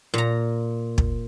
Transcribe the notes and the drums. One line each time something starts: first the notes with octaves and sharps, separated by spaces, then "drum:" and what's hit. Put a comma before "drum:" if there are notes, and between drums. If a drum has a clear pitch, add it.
A#2 A#5
drum: kick